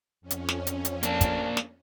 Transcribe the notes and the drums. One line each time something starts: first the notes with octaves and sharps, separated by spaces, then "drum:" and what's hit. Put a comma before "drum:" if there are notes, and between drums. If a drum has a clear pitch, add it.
F2 C#4
drum: hi-hat
drum: snare
drum: hi-hat
drum: hi-hat
A#3 D4, drum: hi-hat
drum: kick, hi-hat
drum: snare